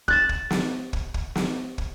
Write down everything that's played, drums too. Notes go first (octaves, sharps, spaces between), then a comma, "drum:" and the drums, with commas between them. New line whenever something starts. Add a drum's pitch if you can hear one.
F#6 A6 E7, drum: kick
drum: kick
drum: snare
drum: kick
drum: kick
drum: snare
drum: kick